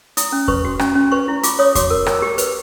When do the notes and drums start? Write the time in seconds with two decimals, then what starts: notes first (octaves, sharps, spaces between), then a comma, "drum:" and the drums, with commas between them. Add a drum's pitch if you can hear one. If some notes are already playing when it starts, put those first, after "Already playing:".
0.17 E4 D#6, drum: hi-hat
0.32 C#4
0.48 B4 C#6, drum: kick E2
0.65 F#4
0.79 C#4, drum: rim click
0.95 C#4
1.12 B4 C#6
1.28 E4
1.43 F4 D6, drum: hi-hat
1.59 C#5 D#6
1.75 F#4 D6, drum: kick E2, hi-hat
1.90 A#4
2.06 A#4, drum: rim click
2.22 G4
2.38 B4, drum: hi-hat